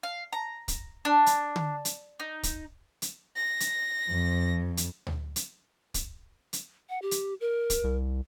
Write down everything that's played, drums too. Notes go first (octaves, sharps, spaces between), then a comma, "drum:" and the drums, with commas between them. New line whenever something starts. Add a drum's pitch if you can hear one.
F5
A#5
drum: kick, hi-hat
D4
drum: hi-hat
drum: tom D3
drum: hi-hat
D#4
drum: kick, hi-hat
drum: hi-hat
A#6
drum: hi-hat
F2
drum: hi-hat
drum: tom D2
drum: hi-hat
drum: kick, hi-hat
drum: hi-hat
F#5
G4
drum: hi-hat
A#4
drum: kick, hi-hat
C2